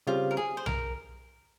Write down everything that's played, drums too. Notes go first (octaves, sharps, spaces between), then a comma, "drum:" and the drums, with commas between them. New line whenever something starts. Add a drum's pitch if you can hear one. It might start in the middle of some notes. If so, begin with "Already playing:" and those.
C#3 G3 C4 F4 G4
A#4
G#4
C5
A#4, drum: tom B1